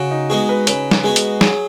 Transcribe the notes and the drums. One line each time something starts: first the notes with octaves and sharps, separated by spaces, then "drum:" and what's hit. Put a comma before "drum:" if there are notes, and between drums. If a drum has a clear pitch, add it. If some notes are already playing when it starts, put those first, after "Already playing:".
Already playing: C#3 F#4
D#4
G#3 B3 F#4 G#4
B4
C#3 B4, drum: hi-hat
drum: snare
G#3 B3 F#4 G#4
drum: hi-hat
F#3 G#4, drum: snare